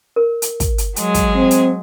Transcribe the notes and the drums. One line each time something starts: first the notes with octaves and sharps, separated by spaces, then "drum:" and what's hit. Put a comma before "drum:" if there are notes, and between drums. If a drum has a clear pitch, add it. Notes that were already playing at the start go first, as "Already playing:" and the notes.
A#4
drum: hi-hat
drum: kick, hi-hat
drum: hi-hat
F#3 G#3 G#4, drum: hi-hat
drum: kick, hi-hat
C4
drum: hi-hat